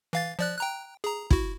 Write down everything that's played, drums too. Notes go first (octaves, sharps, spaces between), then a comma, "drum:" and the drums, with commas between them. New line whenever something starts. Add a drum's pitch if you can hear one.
E3 F5 A6
F3 D5 F#6
G5 A#5 F#6
G#4 A#5
E4 F#4, drum: kick